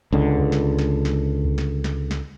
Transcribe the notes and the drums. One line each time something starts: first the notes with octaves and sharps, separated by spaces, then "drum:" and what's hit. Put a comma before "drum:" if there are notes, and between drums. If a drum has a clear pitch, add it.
C#2 D3
drum: kick C#2
drum: snare
drum: snare
drum: snare
drum: kick C#2
drum: snare
drum: snare
drum: snare